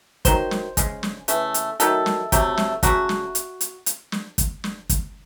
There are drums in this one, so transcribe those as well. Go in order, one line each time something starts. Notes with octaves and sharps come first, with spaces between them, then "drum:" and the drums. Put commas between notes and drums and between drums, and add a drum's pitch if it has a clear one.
D#3 F#3 C5, drum: kick, hi-hat
drum: snare
C#3 G#3, drum: kick, hi-hat
drum: snare
C#3 E3 A3, drum: hi-hat
drum: hi-hat
D#3 F#3 A3 A4, drum: hi-hat
drum: snare
C3 F#3 A3, drum: kick, hi-hat
drum: snare
C#3 F#3 A3 F#4, drum: kick, hi-hat
drum: snare
drum: hi-hat
drum: hi-hat
drum: hi-hat
drum: snare
drum: kick, hi-hat
drum: snare
drum: kick, hi-hat